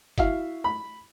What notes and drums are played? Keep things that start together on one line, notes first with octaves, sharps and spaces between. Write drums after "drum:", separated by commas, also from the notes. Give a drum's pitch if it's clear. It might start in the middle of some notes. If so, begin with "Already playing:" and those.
E4 F#4 E5 F5, drum: kick, hi-hat
B5